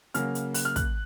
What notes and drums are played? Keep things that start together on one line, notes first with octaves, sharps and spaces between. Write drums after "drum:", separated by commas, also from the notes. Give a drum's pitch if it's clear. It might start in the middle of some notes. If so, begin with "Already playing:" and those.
C#3 F#3 A#3 F6, drum: hi-hat
drum: hi-hat
F#6, drum: open hi-hat
F6
F#6, drum: kick, hi-hat